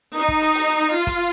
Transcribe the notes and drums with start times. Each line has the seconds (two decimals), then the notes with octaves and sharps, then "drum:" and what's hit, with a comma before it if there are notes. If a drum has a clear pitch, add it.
0.15 D#4
0.28 drum: kick
0.41 drum: hi-hat
0.55 drum: open hi-hat
0.68 drum: hi-hat
0.81 drum: hi-hat
0.93 F4
1.07 drum: kick, hi-hat